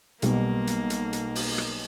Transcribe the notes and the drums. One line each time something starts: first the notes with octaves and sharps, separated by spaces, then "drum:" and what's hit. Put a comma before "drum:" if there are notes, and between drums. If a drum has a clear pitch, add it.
B1 B2 G3 A#3, drum: hi-hat
drum: hi-hat
drum: hi-hat
drum: hi-hat
drum: open hi-hat
drum: rim click